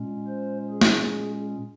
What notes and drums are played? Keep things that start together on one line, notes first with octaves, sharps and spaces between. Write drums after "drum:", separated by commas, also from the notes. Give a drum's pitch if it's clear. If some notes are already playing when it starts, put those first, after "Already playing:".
Already playing: A#2 G#3 C#4
C5
G#4
drum: snare